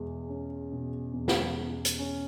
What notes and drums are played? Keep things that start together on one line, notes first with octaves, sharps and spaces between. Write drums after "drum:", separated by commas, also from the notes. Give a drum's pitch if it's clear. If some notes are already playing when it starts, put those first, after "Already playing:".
Already playing: E2 B2 G#3
C#4
B2
E2
drum: snare
G#3
drum: hi-hat
C#4